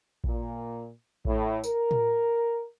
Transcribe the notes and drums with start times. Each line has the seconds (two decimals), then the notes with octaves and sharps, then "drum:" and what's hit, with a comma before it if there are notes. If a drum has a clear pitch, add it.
0.24 A#2, drum: kick A1
1.25 A2, drum: kick A1
1.64 A#4, drum: tambourine
1.91 drum: tom A2